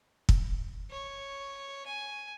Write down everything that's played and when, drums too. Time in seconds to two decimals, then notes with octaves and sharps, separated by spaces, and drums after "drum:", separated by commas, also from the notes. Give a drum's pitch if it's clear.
0.29 drum: kick
0.91 C#5
1.86 G#5